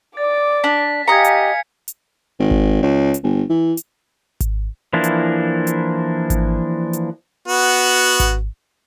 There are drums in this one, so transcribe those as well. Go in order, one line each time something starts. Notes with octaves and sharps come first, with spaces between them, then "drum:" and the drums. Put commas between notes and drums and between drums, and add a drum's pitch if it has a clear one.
D5 D6 A6
D4 B6
G4 D#5 F5 G#5 A#5 G#6 C#7
drum: hi-hat
drum: hi-hat
G#1
drum: kick G#1
C#2
drum: hi-hat
G1
E3
drum: hi-hat
drum: kick G#1, hi-hat
E3 F3 A#3 D4 E4
drum: hi-hat
drum: hi-hat
drum: kick G#1, hi-hat
drum: hi-hat
B3 F#4
drum: kick G#1, hi-hat